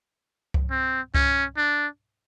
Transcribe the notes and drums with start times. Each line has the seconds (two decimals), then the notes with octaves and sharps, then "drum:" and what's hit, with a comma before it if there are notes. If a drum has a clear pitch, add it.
0.54 drum: kick C2
0.71 C4
1.15 C#4, drum: kick C2
1.57 D4